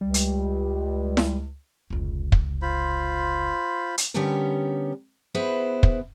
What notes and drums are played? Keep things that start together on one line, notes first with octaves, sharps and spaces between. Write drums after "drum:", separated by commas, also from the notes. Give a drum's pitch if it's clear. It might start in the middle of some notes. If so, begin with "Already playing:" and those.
C#2 G3
drum: hi-hat
drum: snare E4
F1 C#2
drum: kick
F4 C5 B5
drum: hi-hat
D3 G3 B3 C#4 G4 A#4
B3 E4 G#4 B4 C5
drum: kick